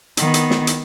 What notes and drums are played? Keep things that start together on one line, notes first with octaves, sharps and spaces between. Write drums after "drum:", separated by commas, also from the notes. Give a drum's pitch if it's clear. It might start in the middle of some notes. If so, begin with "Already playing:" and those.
D#3 B3, drum: hi-hat
drum: hi-hat
drum: snare
drum: hi-hat